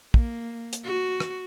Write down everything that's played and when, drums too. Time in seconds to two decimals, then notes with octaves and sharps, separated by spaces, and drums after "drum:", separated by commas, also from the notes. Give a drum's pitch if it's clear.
0.14 A#3, drum: kick
0.73 drum: hi-hat
0.84 F#4
1.20 drum: rim click